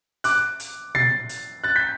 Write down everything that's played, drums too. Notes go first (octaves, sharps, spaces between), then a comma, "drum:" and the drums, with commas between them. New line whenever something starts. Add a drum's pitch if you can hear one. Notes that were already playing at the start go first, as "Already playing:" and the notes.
D6 F#6, drum: hi-hat
drum: hi-hat
A6 C7, drum: tom
drum: hi-hat
F#6 A6
G6 B6